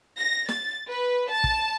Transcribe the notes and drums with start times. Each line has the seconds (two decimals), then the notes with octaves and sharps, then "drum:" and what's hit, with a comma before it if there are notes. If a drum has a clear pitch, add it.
0.18 A#6
0.49 A6, drum: snare
0.89 B4
1.30 A5
1.44 drum: kick